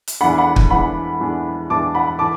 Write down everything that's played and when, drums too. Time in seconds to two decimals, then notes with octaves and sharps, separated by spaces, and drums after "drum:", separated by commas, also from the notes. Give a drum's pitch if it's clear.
0.08 drum: hi-hat
0.21 E2 E3 D4 F#5 B5
0.38 F#5 B5
0.56 drum: kick
0.70 E2 E3 D4 F#5 B5
1.20 E2 E3 D4
1.70 E2 E3 D4 A5 D6
1.95 F#5 B5
2.19 E3 A5 D6